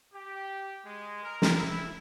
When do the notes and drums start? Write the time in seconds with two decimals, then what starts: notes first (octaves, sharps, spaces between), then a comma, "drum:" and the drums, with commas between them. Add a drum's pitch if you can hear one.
0.14 G4
0.85 G#3
1.23 A#4
1.42 drum: snare
1.53 E4